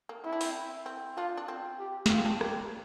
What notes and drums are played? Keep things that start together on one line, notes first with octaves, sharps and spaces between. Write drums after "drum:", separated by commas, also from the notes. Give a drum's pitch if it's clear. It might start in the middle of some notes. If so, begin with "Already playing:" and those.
A#3
C4 E4
D4
C4, drum: open hi-hat
C4
D4 F4
D4
C4
G4
A#3, drum: snare
C4 F4
D4
G4, drum: rim click